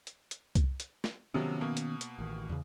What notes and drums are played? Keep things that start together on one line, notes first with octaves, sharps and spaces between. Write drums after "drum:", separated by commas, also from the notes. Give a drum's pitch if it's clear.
drum: hi-hat
drum: hi-hat
drum: kick C2, hi-hat
drum: hi-hat
drum: snare
C3 D#3 F3 F#3 B3 C#4
B2 A#3
drum: hi-hat
drum: hi-hat
A1 D#3
E2 C#3